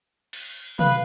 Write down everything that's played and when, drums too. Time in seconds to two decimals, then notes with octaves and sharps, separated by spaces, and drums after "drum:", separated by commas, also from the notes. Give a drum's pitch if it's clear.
0.33 drum: cymbal
0.79 B4 F5, drum: tom